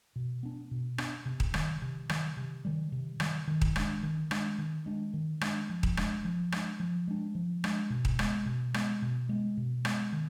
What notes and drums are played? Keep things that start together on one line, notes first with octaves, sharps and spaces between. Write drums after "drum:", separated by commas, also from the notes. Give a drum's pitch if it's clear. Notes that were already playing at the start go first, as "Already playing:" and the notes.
B2
B3 D4
B2
B3 D4, drum: rim click
C3
drum: kick D#1
D#3 G3, drum: rim click
C3
D#3 G3, drum: rim click
C3
D#3 G3
C3
D#3 G3, drum: rim click
D#3
drum: kick D#1
G#3 D4, drum: rim click
D#3
G#3 D4, drum: rim click
D#3
G#3 D4
D#3
G#3 D4, drum: rim click
F3
drum: kick D#1
G#3 D4, drum: rim click
F3
G#3 D4, drum: rim click
F3
G#3 D4
F3
G#3 D4, drum: rim click
B2
drum: kick D#1
G#3 B3, drum: rim click
B2
G#3 B3, drum: rim click
B2
G#3 B3
B2
G#3 B3, drum: rim click
D#3